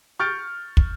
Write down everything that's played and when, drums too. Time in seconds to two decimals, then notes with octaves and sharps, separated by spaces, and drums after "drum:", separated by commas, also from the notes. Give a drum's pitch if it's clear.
0.19 C#6 F6 G6 A6 D7
0.77 drum: kick